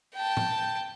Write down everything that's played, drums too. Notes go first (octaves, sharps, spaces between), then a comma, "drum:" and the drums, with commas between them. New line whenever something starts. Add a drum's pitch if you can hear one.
G5 A5
drum: tom A2